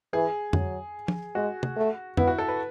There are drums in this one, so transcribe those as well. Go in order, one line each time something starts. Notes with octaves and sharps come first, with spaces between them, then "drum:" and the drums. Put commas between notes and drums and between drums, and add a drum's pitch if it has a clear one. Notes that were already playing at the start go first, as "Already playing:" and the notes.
E3 G#4
F#3, drum: tom F2
drum: tom F3
G#3 F#4
drum: tom
A3
B3 E4, drum: tom F2
F#4
A4
B4